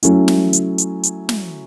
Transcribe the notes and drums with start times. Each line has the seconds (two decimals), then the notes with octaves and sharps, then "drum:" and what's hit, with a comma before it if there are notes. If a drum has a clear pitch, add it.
0.03 F#3 A3 C#4 E4, drum: hi-hat
0.28 drum: snare
0.53 drum: hi-hat
0.78 drum: hi-hat
1.03 drum: hi-hat
1.29 drum: snare